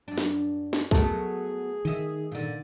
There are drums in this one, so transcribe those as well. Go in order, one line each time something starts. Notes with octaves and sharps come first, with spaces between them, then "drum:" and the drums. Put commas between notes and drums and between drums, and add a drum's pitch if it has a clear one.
F#2 D4
drum: snare
drum: snare
F#3 A3 B3 G#4 A#4, drum: kick
D#3 D#5 E5
A#2 D3